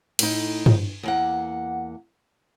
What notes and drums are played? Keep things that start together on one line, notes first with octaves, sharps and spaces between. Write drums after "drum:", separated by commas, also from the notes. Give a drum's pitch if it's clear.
A2 D#4, drum: cymbal
drum: tom G2
E2 A#3 F#5